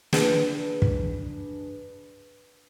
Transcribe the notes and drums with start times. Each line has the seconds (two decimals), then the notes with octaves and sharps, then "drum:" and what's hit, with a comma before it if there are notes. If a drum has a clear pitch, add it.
0.13 D4 G#4 B4, drum: snare
0.82 drum: kick